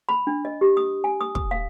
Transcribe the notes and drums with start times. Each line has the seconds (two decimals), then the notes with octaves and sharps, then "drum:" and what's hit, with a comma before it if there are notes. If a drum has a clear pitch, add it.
0.09 B5
0.27 D4
0.45 D#5
0.61 G4
0.77 D#6
1.04 G#5
1.21 D#6
1.35 D#6, drum: kick
1.51 F5